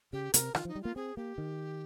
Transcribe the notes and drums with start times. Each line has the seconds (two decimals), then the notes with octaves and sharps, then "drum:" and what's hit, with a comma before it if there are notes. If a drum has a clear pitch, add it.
0.13 C#3 G4
0.34 C3 A#4, drum: hi-hat
0.55 D#3 F4, drum: rim click
0.65 F3
0.68 D#4
0.75 G3
0.82 A#3 F4
0.96 C4 G#4
1.17 A#3 G4
1.38 D#3